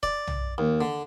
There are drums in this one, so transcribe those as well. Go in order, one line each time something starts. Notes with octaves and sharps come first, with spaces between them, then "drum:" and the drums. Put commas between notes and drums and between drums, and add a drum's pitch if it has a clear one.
D5, drum: kick D#1
drum: tom B1
D#2
D3